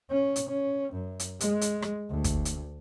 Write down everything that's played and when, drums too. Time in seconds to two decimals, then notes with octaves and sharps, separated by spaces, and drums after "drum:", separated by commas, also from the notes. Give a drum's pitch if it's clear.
0.11 C#4
0.36 drum: hi-hat
0.49 C#4
0.93 F#2
1.20 drum: hi-hat
1.40 G#3, drum: hi-hat
1.61 drum: hi-hat
1.82 drum: rim click
2.10 D2
2.24 drum: kick, hi-hat
2.45 drum: hi-hat